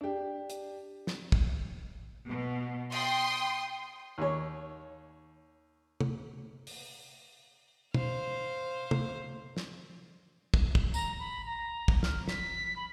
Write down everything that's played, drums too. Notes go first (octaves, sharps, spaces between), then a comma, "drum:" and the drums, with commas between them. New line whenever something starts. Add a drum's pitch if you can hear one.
D4 G4
drum: hi-hat
drum: snare
drum: kick
B2
G5 C6 D#6, drum: cymbal
D#2 C#5
drum: tom
drum: open hi-hat
C5 F5, drum: tom
drum: tom
drum: snare
drum: kick
drum: kick
A#5, drum: tambourine
B5
A#5
drum: kick
F6, drum: snare
B6, drum: snare
B5